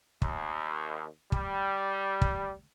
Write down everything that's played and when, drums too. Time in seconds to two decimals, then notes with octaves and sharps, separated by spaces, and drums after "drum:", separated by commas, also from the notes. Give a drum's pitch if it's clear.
0.22 D#2, drum: kick
1.32 G3, drum: kick
2.22 drum: kick